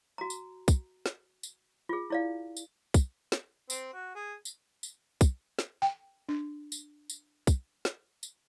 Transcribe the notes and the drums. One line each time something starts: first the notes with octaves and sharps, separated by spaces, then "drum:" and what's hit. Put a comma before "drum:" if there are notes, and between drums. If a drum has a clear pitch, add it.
F#4 A#5
drum: tambourine
drum: kick, tambourine
drum: snare
drum: tambourine
F4 G#4
E4 D5 F5
drum: tambourine
drum: kick, tambourine
drum: snare
C4, drum: tambourine
F#4
G#4
drum: tambourine
drum: tambourine
drum: kick, tambourine
drum: snare
G5
D4
drum: tambourine
drum: tambourine
drum: kick, tambourine
drum: snare
drum: tambourine